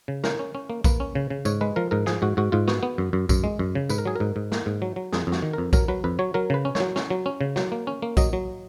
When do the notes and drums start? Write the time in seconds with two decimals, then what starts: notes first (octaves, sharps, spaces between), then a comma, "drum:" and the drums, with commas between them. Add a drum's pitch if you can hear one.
0.08 C#3
0.24 C#4 A#4, drum: snare
0.39 C#4
0.55 C#4
0.70 A#3
0.84 A#3 B4, drum: kick A#1, tambourine
1.00 C#4
1.15 C#3
1.30 C#3
1.45 G#2 C#5, drum: tambourine
1.61 G#3 B4
1.76 F3 A#4
1.91 G#2 A#4
2.06 F3 G#4, drum: snare
2.22 G#2 F#4
2.37 G#2 F#4
2.52 G#2 F4
2.68 B3 F#4, drum: snare
2.83 B3
2.98 F#2
3.13 F#2
3.29 F#2, drum: kick A#1, tambourine
3.44 G#3
3.59 F#2
3.75 C#3
3.89 G#2 B4, drum: tambourine
3.98 A#4
4.05 F#3 G#4
4.16 G#2 A#4
4.36 G#2
4.52 A#3, drum: snare
4.66 G#2
4.82 F#3
4.96 F#3
5.13 F2 G#4, drum: snare
5.27 F2
5.32 F#4, drum: snare
5.42 D#3
5.53 F2 A#4
5.73 F#3 A#4, drum: kick A#1, tambourine
5.88 F#3 B4
6.04 F2 B4
6.19 F#3 C#5
6.34 F#3 A#4
6.50 C#3 B4
6.65 C#4
6.75 F#3 C#5, drum: snare
6.96 C#4, drum: snare
7.10 F#3
7.26 C#4
7.41 C#3
7.56 F#3, drum: snare
7.72 A#3
7.87 C#4
8.02 A#3
8.17 F#3 D#5, drum: kick A#1, tambourine
8.33 F#3